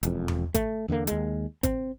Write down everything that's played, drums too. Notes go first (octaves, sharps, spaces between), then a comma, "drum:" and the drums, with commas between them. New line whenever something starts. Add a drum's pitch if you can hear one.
E1 F2, drum: hi-hat
drum: tom E2
A3, drum: kick G#1, hi-hat
E2 D3 G#3 A#3
D#2 G#3, drum: hi-hat
C4, drum: kick G#1, hi-hat